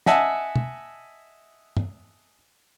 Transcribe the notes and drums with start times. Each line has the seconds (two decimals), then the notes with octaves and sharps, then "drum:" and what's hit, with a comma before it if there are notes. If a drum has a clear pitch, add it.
0.06 D#5 E5 F#5 G#5 A5, drum: snare
0.56 drum: tom
1.77 drum: tom